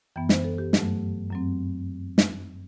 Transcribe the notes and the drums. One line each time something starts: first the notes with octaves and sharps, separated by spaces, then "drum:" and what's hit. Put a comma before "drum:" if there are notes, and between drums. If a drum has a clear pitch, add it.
F#2 E3 B3 G5
C5, drum: snare
A4
G4
G2 F#3 A3, drum: snare
F#2 F#3 C4
drum: snare